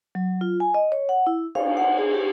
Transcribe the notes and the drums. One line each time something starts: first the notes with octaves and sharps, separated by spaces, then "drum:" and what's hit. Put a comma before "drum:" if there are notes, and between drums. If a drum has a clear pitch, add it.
F#3
F4
G#5
D#5
C#5
F#5
E4
F5, drum: cymbal
F#5
G#4
G4